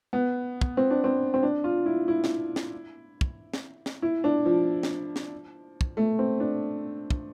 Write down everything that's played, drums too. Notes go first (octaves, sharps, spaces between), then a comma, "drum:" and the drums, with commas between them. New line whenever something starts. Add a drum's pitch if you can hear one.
B3
drum: kick
C4
D4
C4
C4
D4
F4
E4
E4
drum: snare
drum: snare
drum: kick
drum: snare
drum: snare
E4
D4
F3
drum: snare
drum: snare
drum: kick
A3
C4
D4
drum: kick